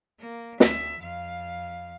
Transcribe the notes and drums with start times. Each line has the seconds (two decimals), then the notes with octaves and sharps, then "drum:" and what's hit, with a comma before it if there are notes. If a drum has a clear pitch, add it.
0.20 A#3
0.60 D2 E5, drum: snare
1.00 F2 F5